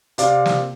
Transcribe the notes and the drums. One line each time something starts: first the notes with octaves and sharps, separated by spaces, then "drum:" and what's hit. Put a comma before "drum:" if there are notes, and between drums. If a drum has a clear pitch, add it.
C3 D5 F5, drum: hi-hat
drum: snare